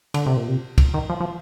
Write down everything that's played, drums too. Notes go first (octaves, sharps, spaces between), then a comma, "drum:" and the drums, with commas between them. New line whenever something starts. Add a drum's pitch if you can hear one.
D3, drum: cymbal
C3
A#2
C3
drum: kick, cymbal
D#3
F3
F3